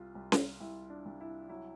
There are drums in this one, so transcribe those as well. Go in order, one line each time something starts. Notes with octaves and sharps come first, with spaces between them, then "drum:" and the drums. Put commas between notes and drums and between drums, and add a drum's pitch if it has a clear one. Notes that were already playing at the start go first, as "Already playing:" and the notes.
Already playing: C2 F4
C2
drum: snare C#4
C2 E4
D4
C2
E4
F#3 E4